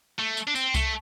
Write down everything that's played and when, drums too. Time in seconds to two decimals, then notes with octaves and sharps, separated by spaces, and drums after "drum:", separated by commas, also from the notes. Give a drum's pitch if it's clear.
0.19 A3
0.37 drum: tambourine
0.48 D4
0.55 C4, drum: tambourine
0.74 A3, drum: kick C2, tambourine